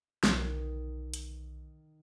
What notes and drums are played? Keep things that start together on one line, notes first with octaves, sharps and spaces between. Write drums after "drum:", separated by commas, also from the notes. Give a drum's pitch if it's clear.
B1 D#3, drum: snare
drum: hi-hat